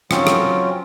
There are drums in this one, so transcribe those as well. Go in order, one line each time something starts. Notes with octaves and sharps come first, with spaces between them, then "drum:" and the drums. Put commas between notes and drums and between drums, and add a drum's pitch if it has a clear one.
F#3 C4 C#4 F4, drum: rim click
drum: rim click